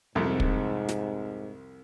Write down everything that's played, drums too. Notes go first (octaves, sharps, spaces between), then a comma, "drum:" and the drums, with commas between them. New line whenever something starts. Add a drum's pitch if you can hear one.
C2 F2 G#2 C3
drum: kick
drum: snare